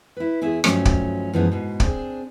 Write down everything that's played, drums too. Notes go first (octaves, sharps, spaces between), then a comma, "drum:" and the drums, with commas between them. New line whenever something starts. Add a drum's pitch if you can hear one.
E4 B4
E2 E4 G#4 E5
G2 D#3 F3 F#3 A3 C#4, drum: rim click
drum: kick
F#2 E3 F3 G#3 B3
G#2 B2
C4 D4 G#4, drum: kick